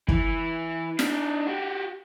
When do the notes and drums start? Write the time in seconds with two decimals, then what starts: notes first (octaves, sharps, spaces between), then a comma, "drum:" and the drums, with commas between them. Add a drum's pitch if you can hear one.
0.08 E3 E4, drum: kick
0.99 D4 D#4, drum: snare
1.47 F#4 G4